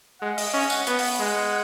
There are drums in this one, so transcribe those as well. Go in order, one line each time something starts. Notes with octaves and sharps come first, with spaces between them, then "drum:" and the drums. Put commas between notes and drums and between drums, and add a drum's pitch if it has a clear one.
G#3 F#5
D#5, drum: open hi-hat
C#4 D#5
F#5, drum: tambourine
B3 F#5, drum: hi-hat
drum: open hi-hat
G#3